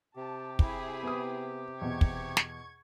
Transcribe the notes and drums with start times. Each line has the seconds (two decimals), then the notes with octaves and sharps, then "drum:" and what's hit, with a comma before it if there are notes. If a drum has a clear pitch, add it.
0.16 C3 G4 A5
0.59 E4 G#4 B5, drum: kick
1.03 B3 D#6
1.81 E2 B2 C#6 G#6
2.01 drum: kick
2.37 drum: snare